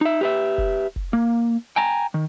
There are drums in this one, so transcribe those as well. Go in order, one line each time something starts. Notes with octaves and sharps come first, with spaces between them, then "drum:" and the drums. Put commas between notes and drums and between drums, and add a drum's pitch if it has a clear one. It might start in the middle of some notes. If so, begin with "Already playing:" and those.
D#4 E5
G4 B4 E5
drum: kick F1
drum: kick F1
A#3
G5 G#5 A#5
D#3